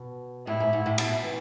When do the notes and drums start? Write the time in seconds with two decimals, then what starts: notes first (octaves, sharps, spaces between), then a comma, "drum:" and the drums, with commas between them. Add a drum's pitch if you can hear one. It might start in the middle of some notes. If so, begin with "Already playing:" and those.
Already playing: B2
0.47 A2 E4
0.60 G#2
0.73 G#2
0.86 A2
0.98 B2, drum: cymbal
1.24 E3